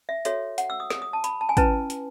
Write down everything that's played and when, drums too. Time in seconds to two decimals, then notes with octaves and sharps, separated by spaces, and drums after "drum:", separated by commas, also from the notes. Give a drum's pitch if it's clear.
0.09 E5
0.25 F#4 A4 C#5 E5, drum: hi-hat
0.58 F#5, drum: hi-hat
0.70 E6
0.80 D#6
0.90 D#6, drum: snare
1.02 D#6
1.13 A5
1.24 B5, drum: hi-hat
1.41 A5
1.49 G#5
1.57 C#4 E4 B4 A5, drum: kick, hi-hat
1.90 drum: hi-hat